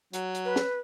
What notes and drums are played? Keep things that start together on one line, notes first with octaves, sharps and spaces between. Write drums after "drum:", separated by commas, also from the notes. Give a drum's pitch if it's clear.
F#3, drum: hi-hat
drum: hi-hat
B4
drum: snare